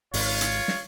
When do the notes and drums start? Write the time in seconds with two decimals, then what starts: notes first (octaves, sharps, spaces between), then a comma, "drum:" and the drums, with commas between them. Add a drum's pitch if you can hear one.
0.14 G#1 G#2 C#3 F4 C#5, drum: open hi-hat
0.41 drum: hi-hat
0.68 drum: snare